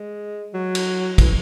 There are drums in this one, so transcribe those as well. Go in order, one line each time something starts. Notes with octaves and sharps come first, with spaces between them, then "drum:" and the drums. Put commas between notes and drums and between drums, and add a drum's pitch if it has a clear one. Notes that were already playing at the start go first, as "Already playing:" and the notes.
Already playing: G#3
F#3
drum: cymbal
E3, drum: kick, cymbal